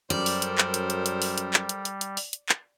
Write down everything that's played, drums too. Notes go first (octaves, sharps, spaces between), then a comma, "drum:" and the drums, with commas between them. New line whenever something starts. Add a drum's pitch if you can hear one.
F#2 G3 A4 A#4 C5 D5
drum: open hi-hat
drum: hi-hat
drum: clap
drum: hi-hat
drum: hi-hat
drum: hi-hat
drum: open hi-hat
drum: hi-hat
drum: clap
drum: hi-hat
drum: hi-hat
drum: hi-hat
drum: open hi-hat
drum: hi-hat
drum: clap